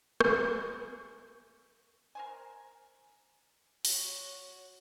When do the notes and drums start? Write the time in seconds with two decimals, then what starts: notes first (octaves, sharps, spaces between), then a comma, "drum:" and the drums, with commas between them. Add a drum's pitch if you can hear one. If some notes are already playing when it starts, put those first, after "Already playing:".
0.20 E4 F4 G#4, drum: rim click
2.15 A#4 C5 G#5
3.85 F#4 C#5, drum: open hi-hat